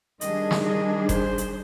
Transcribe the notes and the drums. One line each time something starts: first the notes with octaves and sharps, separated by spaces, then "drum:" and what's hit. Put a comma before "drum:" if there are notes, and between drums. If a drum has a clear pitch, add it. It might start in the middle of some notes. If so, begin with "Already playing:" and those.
D#3 G3 D4 G#4 D#5, drum: hi-hat
drum: snare
D#5
C5, drum: kick F#1, hi-hat
drum: hi-hat